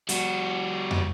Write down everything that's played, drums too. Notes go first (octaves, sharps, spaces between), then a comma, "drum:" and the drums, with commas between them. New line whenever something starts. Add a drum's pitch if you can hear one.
G3 F#4, drum: hi-hat
drum: tom